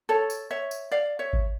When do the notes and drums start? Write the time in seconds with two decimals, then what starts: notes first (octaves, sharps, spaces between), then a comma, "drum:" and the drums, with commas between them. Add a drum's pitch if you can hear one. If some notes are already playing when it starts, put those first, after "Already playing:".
0.09 A4 C#5
0.30 drum: tambourine
0.50 C#5 E5
0.71 drum: tambourine
0.91 D5 F5
1.19 C#5 E5
1.33 drum: kick G#1